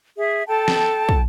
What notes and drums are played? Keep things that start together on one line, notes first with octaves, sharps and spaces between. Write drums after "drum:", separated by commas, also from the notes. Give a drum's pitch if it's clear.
G#4 E5
A4 G5 A5
drum: snare
drum: kick